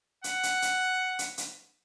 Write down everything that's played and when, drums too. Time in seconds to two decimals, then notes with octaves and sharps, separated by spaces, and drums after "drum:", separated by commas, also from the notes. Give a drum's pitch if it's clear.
0.24 F#5, drum: hi-hat
0.43 drum: hi-hat
0.62 drum: hi-hat
1.19 drum: hi-hat
1.38 drum: hi-hat